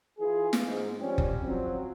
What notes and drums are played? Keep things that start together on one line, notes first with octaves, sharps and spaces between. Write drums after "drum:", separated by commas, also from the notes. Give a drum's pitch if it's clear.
E3 F4 G#4
drum: snare
G#2
F3 G3 C4 C#4
drum: kick F#1
F3 F#3 C4